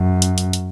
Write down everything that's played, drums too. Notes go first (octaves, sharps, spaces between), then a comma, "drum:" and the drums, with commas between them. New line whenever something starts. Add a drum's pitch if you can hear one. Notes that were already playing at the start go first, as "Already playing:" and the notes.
Already playing: F#2
drum: hi-hat
drum: hi-hat
drum: hi-hat